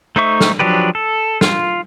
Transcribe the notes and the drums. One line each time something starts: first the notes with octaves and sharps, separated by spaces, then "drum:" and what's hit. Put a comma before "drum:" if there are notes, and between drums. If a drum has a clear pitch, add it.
A3 D#4 C5 E5 C#6
drum: snare
F3 F#3 D4 G4 B4
A4
F4, drum: snare